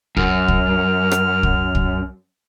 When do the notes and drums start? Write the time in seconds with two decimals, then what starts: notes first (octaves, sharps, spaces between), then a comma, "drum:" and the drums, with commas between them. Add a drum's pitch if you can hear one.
0.17 F#2 F6, drum: kick
0.48 drum: kick
1.12 drum: rim click
1.43 drum: kick
1.75 drum: kick